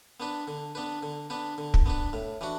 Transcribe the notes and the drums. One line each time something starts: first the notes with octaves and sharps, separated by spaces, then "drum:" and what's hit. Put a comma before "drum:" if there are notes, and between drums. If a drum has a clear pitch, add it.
B3 D4 B4
D3
B3 D4 B4
D3
B3 D4 B4
D3
drum: kick
B3 D4 B4
A2
E3 D4 F#4